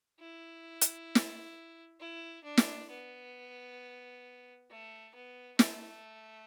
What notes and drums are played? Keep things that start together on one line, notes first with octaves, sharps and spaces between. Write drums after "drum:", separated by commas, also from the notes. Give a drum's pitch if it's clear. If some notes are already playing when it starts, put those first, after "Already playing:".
E4
drum: hi-hat
drum: snare
E4
D4
drum: snare
B3
A3
B3
A3, drum: snare